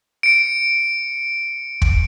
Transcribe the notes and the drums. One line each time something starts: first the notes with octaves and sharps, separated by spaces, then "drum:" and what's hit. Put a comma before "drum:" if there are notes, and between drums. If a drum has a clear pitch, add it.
C#7 D7
drum: kick